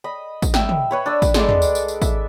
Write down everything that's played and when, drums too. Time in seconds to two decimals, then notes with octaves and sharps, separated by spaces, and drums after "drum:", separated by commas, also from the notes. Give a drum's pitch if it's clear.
0.04 D#5 B5
0.42 drum: kick, tambourine
0.54 E5 G5, drum: snare
0.69 drum: tom
0.91 B4 C#5 B5
1.06 D4 E6
1.22 drum: kick, tambourine
1.34 G#3 G#4 A4 D5, drum: snare
1.49 drum: tom
1.62 drum: tambourine
1.75 drum: tambourine
1.88 drum: tambourine
2.02 E5, drum: kick, tambourine